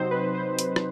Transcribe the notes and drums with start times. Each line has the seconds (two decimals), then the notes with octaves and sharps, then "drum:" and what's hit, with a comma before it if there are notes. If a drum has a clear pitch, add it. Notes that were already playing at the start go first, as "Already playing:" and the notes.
Already playing: C3 F#3 C4 D#4 C5
0.11 B4
0.35 C5
0.59 drum: hi-hat
0.76 drum: rim click